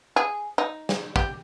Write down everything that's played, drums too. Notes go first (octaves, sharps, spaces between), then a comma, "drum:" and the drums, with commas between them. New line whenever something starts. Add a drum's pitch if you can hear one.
G#4
D#4
drum: snare
G4, drum: kick